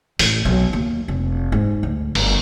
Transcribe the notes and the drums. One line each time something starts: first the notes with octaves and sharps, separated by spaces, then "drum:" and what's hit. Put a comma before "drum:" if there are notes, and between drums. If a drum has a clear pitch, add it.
A1, drum: open hi-hat
B1
D#2
F1
G#2
D2
G1, drum: cymbal